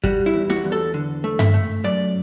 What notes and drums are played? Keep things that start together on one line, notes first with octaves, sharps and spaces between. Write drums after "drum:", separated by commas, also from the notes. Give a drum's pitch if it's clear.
G3 F#4, drum: kick
E4
E2
F#4, drum: snare
E2
A4
D3
A3
E5, drum: tom G2
A3
F#2 D5